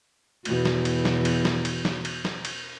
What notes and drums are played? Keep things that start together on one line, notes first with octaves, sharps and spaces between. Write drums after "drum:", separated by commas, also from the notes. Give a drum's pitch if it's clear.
E2 B2 F#4, drum: cymbal
drum: snare
drum: cymbal
drum: snare
drum: cymbal
drum: snare
drum: cymbal
drum: snare
drum: cymbal
drum: snare
drum: cymbal